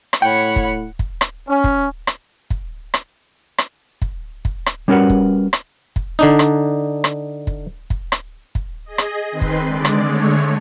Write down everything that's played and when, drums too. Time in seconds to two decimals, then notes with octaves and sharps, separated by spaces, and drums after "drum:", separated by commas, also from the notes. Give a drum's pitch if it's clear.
0.13 drum: rim click
0.22 A2 C#5 F#5 G5 B5
0.56 drum: kick
0.99 drum: kick
1.21 drum: rim click
1.48 C#4
1.64 drum: kick
2.07 drum: rim click
2.50 drum: kick
2.94 drum: rim click
3.58 drum: rim click
4.02 drum: kick
4.45 drum: kick
4.66 drum: rim click
4.88 G3 C#4 F#4 A#4 B4 F#5
5.10 drum: kick
5.53 drum: rim click
5.96 drum: kick
6.19 D3 D4 D#4
6.39 drum: rim click
7.04 drum: rim click
7.47 drum: kick
7.90 drum: kick
8.12 drum: rim click
8.55 drum: kick
8.86 G#4 D#5
8.98 drum: rim click
9.32 D#3 C4 B4 C6
9.41 drum: kick
9.66 D3 G#3 D5
9.85 drum: rim click
10.04 D3 G#3 A3 C#5